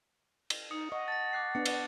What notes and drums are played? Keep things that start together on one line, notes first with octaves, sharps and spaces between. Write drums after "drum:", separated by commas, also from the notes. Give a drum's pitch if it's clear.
drum: cymbal
D#4 D#6 C#7
D#5 F#5 C#6
A5 A6 A#6
D6 F#6 C7
B3 D4 C#7
drum: cymbal